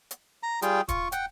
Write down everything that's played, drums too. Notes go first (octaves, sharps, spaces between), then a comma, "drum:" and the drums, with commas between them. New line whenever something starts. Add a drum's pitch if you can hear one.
drum: hi-hat
A#5
G3 F4 G#4 G5, drum: hi-hat
F4 C#6, drum: kick, hi-hat
F#5 G5, drum: hi-hat